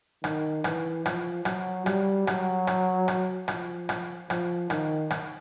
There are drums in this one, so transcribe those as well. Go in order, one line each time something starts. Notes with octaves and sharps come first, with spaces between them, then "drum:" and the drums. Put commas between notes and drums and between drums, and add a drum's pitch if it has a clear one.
D#3, drum: rim click
E3, drum: rim click
F3, drum: rim click
F#3, drum: rim click
G3, drum: rim click
F#3, drum: rim click
drum: rim click
drum: rim click
F3, drum: rim click
drum: rim click
F3, drum: rim click
D#3, drum: rim click
drum: rim click